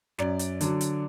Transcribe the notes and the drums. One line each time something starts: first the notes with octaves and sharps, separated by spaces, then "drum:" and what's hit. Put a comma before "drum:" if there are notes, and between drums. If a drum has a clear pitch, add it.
F#2 D5, drum: snare
drum: hi-hat
D3 F#3, drum: hi-hat
drum: hi-hat